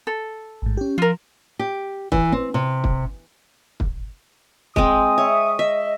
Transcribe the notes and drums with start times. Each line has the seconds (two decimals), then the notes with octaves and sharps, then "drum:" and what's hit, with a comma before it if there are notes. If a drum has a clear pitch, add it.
0.07 A4
0.62 A1 G#2
0.77 C#4 G4
0.98 F3 F4 A#4
1.59 G4
2.12 E3, drum: kick
2.32 C4
2.54 C3
2.84 drum: kick
3.80 drum: kick
4.76 G#3 C4 D#6, drum: kick
5.18 C#5 E5
5.59 D#5 E5